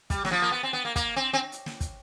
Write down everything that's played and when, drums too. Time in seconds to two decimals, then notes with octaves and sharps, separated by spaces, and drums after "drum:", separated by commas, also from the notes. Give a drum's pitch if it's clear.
0.10 G3, drum: kick, hi-hat
0.25 F#3, drum: snare
0.31 F3
0.42 A#3
0.52 B3
0.63 C4
0.73 B3
0.85 A#3
0.96 A#3, drum: kick, hi-hat
1.16 C4
1.33 C4
1.52 drum: hi-hat
1.66 drum: snare
1.80 drum: kick, hi-hat